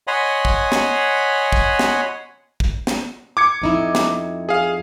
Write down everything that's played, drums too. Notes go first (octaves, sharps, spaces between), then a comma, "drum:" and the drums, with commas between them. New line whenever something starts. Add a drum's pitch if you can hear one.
C#5 D#5 F#5 G#5 B5 C6
drum: kick
drum: snare
drum: kick
drum: snare
drum: kick
drum: snare
D6 G#6 C#7
F2 D#4 E4
drum: snare
G#4 F5